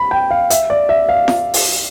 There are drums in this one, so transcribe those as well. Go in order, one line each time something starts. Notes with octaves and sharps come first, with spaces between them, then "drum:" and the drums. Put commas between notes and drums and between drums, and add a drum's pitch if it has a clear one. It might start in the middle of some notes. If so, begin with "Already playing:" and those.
Already playing: B5
G5
F5
E5, drum: hi-hat
D5
E5
F5
drum: snare F4
drum: open hi-hat